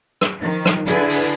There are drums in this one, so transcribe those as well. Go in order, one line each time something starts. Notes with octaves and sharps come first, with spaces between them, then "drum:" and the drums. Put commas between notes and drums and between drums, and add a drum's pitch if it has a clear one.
drum: rim click
D#3 F3
drum: rim click
D3 D4 E4 G#4 B4, drum: hi-hat
drum: open hi-hat